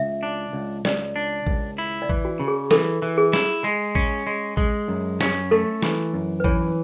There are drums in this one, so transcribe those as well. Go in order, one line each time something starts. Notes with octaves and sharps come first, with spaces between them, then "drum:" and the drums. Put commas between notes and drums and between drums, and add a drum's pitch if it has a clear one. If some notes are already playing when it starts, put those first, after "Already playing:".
Already playing: C#2 E5
D4
C#2
C#2 D5, drum: snare
D4
C#2, drum: kick A1
E4
D5
E3, drum: kick A1
F#4
C#3
G#4
E3 A4, drum: snare
E3
G#4
E4, drum: snare
G#3
C#4, drum: kick A1
G#3
G#3, drum: kick A1
F#2
C#4, drum: snare
A3 A4
E3, drum: snare
F#2
B4
E3 C#5, drum: kick A1